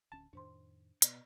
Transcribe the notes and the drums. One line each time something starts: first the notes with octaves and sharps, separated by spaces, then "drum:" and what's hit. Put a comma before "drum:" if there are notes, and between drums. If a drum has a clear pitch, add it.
D1 D2 C#4 A5
F2 A2 D#3 D4 C5 C6
B2 D5 D#5, drum: hi-hat